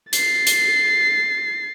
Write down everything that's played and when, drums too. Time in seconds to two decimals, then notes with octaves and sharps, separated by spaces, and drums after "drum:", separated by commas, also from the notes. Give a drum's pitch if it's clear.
0.13 A6 C7, drum: hi-hat
0.47 drum: hi-hat